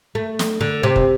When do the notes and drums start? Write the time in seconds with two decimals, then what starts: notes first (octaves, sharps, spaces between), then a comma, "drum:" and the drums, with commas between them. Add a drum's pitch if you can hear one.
0.15 A3
0.39 drum: snare
0.61 D3
0.83 C3
0.96 drum: kick